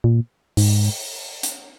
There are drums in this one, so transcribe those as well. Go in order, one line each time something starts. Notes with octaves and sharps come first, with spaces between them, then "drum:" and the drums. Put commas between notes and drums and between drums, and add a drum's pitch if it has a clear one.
A#2
G#2, drum: open hi-hat
drum: hi-hat